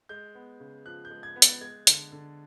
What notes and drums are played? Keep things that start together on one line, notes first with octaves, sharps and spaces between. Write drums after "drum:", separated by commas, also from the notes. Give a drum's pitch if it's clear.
G#3 G6
B3
C#3
F3 F#6
G6
G#3
G#6
B3
A6, drum: hi-hat
G#3 G#6
D3, drum: hi-hat
D3